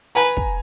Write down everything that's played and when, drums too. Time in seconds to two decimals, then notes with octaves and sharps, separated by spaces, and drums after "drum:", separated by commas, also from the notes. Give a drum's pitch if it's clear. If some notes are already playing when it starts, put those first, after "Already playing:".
0.15 B4 G#5 A#5, drum: hi-hat
0.37 drum: kick